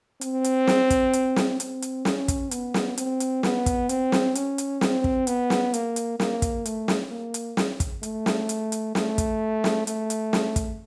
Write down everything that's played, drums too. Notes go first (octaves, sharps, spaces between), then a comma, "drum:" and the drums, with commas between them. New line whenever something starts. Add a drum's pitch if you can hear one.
C4, drum: hi-hat
drum: hi-hat
drum: snare
drum: kick, hi-hat
drum: hi-hat
drum: snare
C4, drum: hi-hat
drum: hi-hat
C#4, drum: snare
drum: kick, hi-hat
B3, drum: hi-hat
drum: snare
C4, drum: hi-hat
drum: hi-hat
B3, drum: snare
drum: kick, hi-hat
C4, drum: hi-hat
drum: snare
C#4, drum: hi-hat
drum: hi-hat
C4, drum: snare
drum: kick
B3, drum: hi-hat
drum: snare
A#3, drum: hi-hat
drum: hi-hat
A#3, drum: snare
drum: kick, hi-hat
A3, drum: hi-hat
drum: snare
A#3
drum: hi-hat
drum: snare
drum: kick, hi-hat
A3, drum: hi-hat
drum: snare
drum: hi-hat
drum: hi-hat
A3, drum: snare
drum: kick, hi-hat
drum: snare
A3, drum: hi-hat
drum: hi-hat
drum: snare
drum: kick, hi-hat